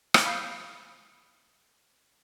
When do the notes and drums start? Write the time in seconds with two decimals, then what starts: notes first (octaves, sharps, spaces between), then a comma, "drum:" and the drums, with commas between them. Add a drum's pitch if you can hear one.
0.14 drum: rim click
0.25 F5 B5 D#6 G6 C7